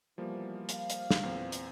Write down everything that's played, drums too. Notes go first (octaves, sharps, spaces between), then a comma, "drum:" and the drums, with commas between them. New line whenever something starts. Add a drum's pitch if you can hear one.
B2 E3 F3 G3 A#3
F5, drum: hi-hat
drum: hi-hat
drum: snare
E2 A#2 C4
drum: hi-hat